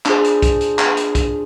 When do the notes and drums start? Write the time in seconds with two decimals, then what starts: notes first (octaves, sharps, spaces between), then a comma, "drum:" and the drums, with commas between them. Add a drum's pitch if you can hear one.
0.06 D4 F4 G#4 C5, drum: clap
0.24 drum: hi-hat
0.42 drum: kick, hi-hat
0.61 drum: hi-hat
0.79 drum: clap
0.97 drum: hi-hat
1.15 drum: kick, hi-hat